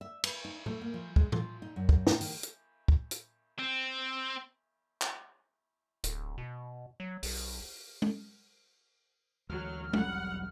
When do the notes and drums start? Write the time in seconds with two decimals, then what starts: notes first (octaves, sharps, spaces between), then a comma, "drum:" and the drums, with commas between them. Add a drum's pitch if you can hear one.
0.01 E5
0.24 B4, drum: cymbal
0.45 D#4
0.66 A3, drum: tom A2
0.81 A#3
0.94 F3
1.16 G#3, drum: kick
1.32 F4, drum: tom A2
1.62 D#4
1.76 F#2
1.89 drum: kick
2.07 A2, drum: snare
2.21 D#3, drum: open hi-hat
2.43 drum: hi-hat
2.88 drum: kick
3.11 drum: hi-hat
3.59 C4
5.02 drum: clap
6.04 D1, drum: hi-hat
6.38 B2
7.00 F#3
7.23 B1, drum: open hi-hat
8.02 drum: tom G#3
9.49 D2 E3 F#3 G#3 F6
9.93 E1 B1 F2 F#3 G3 F#5, drum: tom G#3